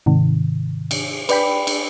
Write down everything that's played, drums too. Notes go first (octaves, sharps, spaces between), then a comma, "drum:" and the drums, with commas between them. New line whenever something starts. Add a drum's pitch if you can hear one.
G#2 C3 D#3
drum: cymbal
B4 D5 G5 B5, drum: cymbal
drum: cymbal